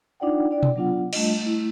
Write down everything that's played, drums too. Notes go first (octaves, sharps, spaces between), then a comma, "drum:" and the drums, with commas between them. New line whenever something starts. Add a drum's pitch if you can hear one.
D4 D#4 F4 D5 F#5 G5
D4 E4 D5 G5
drum: tom B2
F#3 B3 D4 F4 F#5
G3 A3 D4 F4 D#5, drum: cymbal
A3 E4